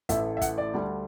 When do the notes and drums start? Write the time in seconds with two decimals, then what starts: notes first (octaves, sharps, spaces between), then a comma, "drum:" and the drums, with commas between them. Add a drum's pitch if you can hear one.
0.09 A1 A2 E3 A3 E5, drum: kick, hi-hat
0.37 E5
0.42 F#5, drum: kick, hi-hat
0.58 D5
0.73 D2 D3 G3 D4